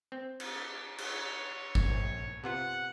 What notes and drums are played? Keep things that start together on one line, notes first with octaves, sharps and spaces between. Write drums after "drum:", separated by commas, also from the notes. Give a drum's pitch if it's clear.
C4
drum: cymbal
C#5, drum: cymbal
drum: kick G#1
A#1
C3 B3 F4 F#5